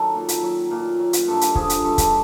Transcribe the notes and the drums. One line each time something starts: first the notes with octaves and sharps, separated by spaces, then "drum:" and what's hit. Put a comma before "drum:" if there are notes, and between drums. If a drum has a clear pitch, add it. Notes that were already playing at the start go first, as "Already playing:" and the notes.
Already playing: D#3 F#3 A4
A#2
drum: hi-hat
F#3
A#2
F#3
drum: hi-hat
G2 A4
drum: hi-hat
D3 F3 G#4, drum: kick C#1
drum: hi-hat
G2 A4
A4, drum: kick C#1, hi-hat